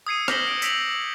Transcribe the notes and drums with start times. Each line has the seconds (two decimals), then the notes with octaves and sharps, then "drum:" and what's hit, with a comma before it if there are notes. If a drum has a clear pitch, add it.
0.07 D#6 E6 G#6 C7 C#7 D#7
0.28 D6 G6 A#6 B6 F#7 G7, drum: rim click
0.47 C#7 D7
0.62 E6 B6 D7 F7 F#7, drum: tambourine